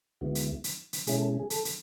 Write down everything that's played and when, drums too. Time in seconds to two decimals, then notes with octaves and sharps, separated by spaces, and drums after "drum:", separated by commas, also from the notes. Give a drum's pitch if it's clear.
0.21 D2 D3 G#3 B3 E4 F#4
0.35 drum: hi-hat
0.64 drum: hi-hat
0.93 drum: hi-hat
1.07 B2 G#3 C#4 E4 G#4, drum: hi-hat
1.18 A4
1.29 G#4
1.40 G#4
1.50 A4, drum: hi-hat
1.65 drum: hi-hat